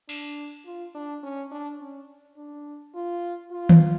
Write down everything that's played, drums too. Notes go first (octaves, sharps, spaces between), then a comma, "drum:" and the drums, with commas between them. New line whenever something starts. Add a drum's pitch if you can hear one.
D4, drum: cymbal
F4
D4
C#4
D4
C#4
D4
F4
F4
drum: tom D#3